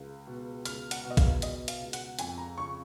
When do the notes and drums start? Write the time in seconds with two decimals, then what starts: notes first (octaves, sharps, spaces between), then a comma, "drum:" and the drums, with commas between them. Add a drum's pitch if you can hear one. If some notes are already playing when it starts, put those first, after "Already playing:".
Already playing: C#2
0.27 B2
0.65 C#2 F6, drum: hi-hat
0.91 F#5, drum: hi-hat
1.05 B2
1.10 D#5
1.17 F5, drum: kick, hi-hat
1.42 B2 D#5, drum: hi-hat
1.68 F5, drum: hi-hat
1.80 C#2
1.93 F#5, drum: hi-hat
2.19 F2 G#5, drum: hi-hat
2.38 A#5
2.58 C#3 C#6